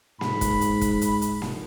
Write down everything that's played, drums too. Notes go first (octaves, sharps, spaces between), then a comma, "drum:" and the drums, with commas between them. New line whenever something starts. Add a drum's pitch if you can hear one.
G#2 B5, drum: snare A#3
drum: kick, hi-hat
drum: hi-hat
drum: kick, hi-hat
drum: hi-hat
drum: hi-hat
drum: snare A#3